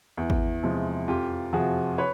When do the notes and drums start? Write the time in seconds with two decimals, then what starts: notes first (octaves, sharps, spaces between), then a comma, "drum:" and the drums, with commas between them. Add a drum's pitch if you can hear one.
0.17 E2
0.30 drum: kick G#1
0.63 C3 F3 G#3
1.08 F2 F4 G4
1.53 C3 F3 F#4 G#4
1.98 B4 C#5